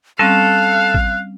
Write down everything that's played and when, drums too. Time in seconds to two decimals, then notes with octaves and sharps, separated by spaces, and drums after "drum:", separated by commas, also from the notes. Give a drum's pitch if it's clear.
0.19 G3 C4 C#4 A4 F5 F#6
0.94 drum: kick